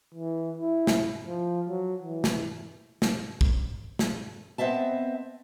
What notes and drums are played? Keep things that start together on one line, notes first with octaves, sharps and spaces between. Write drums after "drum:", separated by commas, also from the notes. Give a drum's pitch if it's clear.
E3
E4
drum: snare
F3
F#3
E3
drum: snare
drum: snare
drum: kick
drum: snare
B3 C4 D#5 E5 A5